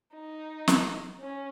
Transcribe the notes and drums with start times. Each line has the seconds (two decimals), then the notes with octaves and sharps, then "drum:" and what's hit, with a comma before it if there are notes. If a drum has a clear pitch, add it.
0.14 D#4
0.68 drum: snare
1.21 C#4